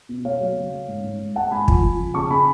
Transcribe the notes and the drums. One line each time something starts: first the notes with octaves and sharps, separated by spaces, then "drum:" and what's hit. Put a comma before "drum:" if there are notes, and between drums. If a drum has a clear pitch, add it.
B2
A3 C#5 F5
F#3
C#3
A3
G#2
G#2
G#2
G#3 F#5 A5
G#2 G#5 B5
F3, drum: kick
F3
C#3
C#3 A5 C#6
C#3 G#5 B5